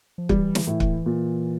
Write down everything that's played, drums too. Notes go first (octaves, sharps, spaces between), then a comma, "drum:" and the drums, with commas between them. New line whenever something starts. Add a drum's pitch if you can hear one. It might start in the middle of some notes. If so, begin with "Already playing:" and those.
F3
E3 G3, drum: kick
drum: snare
A2
drum: kick
A#2